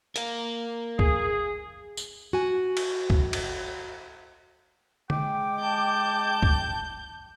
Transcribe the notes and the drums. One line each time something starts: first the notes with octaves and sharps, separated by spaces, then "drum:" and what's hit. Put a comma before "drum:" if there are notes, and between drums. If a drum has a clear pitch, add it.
A#4 F5, drum: hi-hat
G#4, drum: kick
drum: tambourine
F#4 G#5
drum: cymbal
drum: kick
drum: cymbal
G#3 G5 D6, drum: tom D3
A5 G6
drum: kick